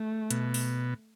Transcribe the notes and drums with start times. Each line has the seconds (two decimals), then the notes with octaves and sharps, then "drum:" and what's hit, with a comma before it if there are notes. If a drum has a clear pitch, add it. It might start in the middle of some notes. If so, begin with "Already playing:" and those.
Already playing: A3
0.31 B2, drum: hi-hat
0.54 drum: open hi-hat